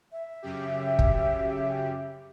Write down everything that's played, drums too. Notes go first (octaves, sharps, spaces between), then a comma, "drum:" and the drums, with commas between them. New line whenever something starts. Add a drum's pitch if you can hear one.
E5
F#2 C#3 G4
drum: kick